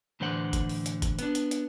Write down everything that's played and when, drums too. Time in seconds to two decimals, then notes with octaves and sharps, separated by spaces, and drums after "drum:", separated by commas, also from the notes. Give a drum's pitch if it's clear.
0.20 A2 D3 E3 C5 F#5
0.53 drum: kick F#1, hi-hat
0.69 drum: open hi-hat
0.86 drum: hi-hat
1.02 drum: kick F#1, hi-hat
1.19 B3 D4, drum: hi-hat
1.35 drum: hi-hat
1.51 drum: hi-hat